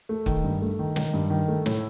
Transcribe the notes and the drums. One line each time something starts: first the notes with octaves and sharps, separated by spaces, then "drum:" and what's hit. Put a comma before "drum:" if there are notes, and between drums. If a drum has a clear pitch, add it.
A3
D#3, drum: kick
G2
A3
D#3
D#3, drum: snare
G2
D#3
A3
A2, drum: snare